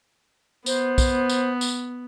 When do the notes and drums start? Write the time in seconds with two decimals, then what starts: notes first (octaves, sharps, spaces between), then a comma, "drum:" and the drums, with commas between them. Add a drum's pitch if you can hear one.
0.66 B3 C5, drum: tambourine
0.98 drum: kick, tambourine
1.30 drum: tambourine
1.61 drum: tambourine